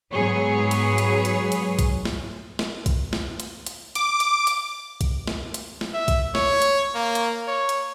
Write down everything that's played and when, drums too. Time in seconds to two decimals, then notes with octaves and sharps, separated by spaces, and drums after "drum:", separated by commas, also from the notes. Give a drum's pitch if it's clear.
0.14 G#2 F#3 B3 G#4 B4 C#5
0.71 drum: hi-hat
0.98 drum: hi-hat
1.25 drum: hi-hat
1.52 drum: hi-hat
1.79 drum: kick B1, hi-hat
2.05 drum: snare
2.59 drum: snare
2.86 drum: kick B1, hi-hat
3.13 drum: snare
3.40 drum: hi-hat
3.66 drum: hi-hat
3.95 D6, drum: hi-hat
4.20 drum: hi-hat
4.47 drum: hi-hat
5.01 drum: kick B1, hi-hat
5.27 drum: snare
5.54 drum: hi-hat
5.81 drum: snare
5.94 E5
6.08 drum: kick B1, hi-hat
6.35 C#5, drum: snare
6.62 drum: hi-hat
6.95 A#3
7.15 drum: hi-hat
7.47 C#5
7.69 drum: hi-hat